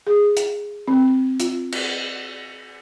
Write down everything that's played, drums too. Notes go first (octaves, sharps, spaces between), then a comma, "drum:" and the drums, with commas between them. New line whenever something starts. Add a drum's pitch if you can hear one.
G#4
drum: hi-hat
C4
F4, drum: hi-hat
drum: cymbal